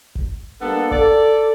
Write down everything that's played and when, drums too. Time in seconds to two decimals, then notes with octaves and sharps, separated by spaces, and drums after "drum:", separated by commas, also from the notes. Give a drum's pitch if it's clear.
0.15 drum: kick G#1
0.60 G3 A#3 B3 D4 A4
0.91 A4 D5, drum: kick G#1